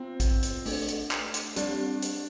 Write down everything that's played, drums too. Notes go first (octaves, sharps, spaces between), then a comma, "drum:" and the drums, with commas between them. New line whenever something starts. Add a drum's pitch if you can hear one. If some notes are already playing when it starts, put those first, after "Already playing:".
Already playing: B3 C4 F4 C5
drum: kick A1, hi-hat
drum: hi-hat
A3 D4 A4, drum: open hi-hat
drum: hi-hat
drum: clap
drum: hi-hat
G3 C4 D4 G4 D5, drum: hi-hat
drum: hi-hat